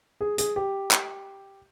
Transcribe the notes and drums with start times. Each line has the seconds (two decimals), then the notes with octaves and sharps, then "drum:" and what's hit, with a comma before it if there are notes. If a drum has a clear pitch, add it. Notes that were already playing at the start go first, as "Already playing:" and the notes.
0.21 G#4
0.38 G#4, drum: hi-hat
0.56 G4
0.91 drum: clap